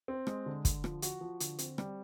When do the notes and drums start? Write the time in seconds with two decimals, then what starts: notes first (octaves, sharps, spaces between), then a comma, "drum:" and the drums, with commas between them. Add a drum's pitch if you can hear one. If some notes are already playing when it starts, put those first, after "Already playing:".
0.08 C4
0.27 G#3, drum: rim click
0.46 D3
0.65 D3, drum: kick, hi-hat
0.84 F3, drum: rim click
1.02 F3 F#4, drum: hi-hat
1.21 F3
1.40 D3, drum: hi-hat
1.59 C4, drum: hi-hat
1.78 G3, drum: rim click